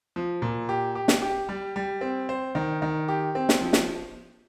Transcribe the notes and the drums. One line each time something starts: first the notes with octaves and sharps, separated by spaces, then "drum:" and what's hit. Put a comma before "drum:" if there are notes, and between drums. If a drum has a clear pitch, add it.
F3
A#2
G4
G4
drum: snare
G4
G3
G3
C4
C5
D#3
D#3
G4
C4
drum: snare
F3
drum: snare